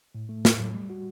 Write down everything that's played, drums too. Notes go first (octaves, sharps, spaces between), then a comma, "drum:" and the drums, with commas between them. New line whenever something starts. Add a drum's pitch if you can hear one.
A2
A3
A2, drum: snare
F#3
G3
F#4